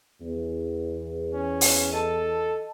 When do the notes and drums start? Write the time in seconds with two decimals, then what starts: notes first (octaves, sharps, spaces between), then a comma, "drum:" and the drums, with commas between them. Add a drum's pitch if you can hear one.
0.21 E2
1.34 C#4
1.61 drum: open hi-hat
1.93 A4 D#5 A5